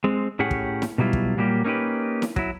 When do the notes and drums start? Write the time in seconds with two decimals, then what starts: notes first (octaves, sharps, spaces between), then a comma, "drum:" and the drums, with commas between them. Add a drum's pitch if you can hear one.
0.04 G#3 C4
0.39 A2 C#4 G4 G#4 F#5
0.51 drum: kick
0.82 drum: snare E4
0.98 B2 F#3 G3 E4 F4
1.13 drum: kick
1.37 A#2 F#3 G3 A#3 G4
1.64 A#3 C#4 D#4 E4 G4 B4
2.22 drum: snare E4
2.36 F#3 E4, drum: kick